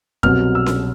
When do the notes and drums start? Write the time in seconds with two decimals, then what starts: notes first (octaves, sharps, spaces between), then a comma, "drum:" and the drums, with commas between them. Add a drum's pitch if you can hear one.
0.23 C2 B2 F#3 F6, drum: kick
0.55 E6
0.66 drum: snare C#4